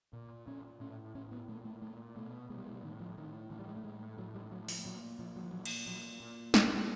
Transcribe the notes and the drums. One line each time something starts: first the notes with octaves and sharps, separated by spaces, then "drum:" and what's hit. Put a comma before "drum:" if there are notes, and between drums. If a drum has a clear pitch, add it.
A#2
A#2 C#4
A2 C#4
A2 C#4
B3
A#2 A3
A3
A#2 A3
B2 A3
B2 G#3
G3
G#3
G3
A2 D#3
F3
A2 D#3
A2 E3
G3
G#3
A3
A2 G#3
A2 F#3
G3
A2 F#3
F3, drum: open hi-hat
A#2 F#3
A#2 F3
F#3
F3
A#2 F#3
drum: cymbal
A#2 F#3
A#2
A#2 G3, drum: snare
G#3
G3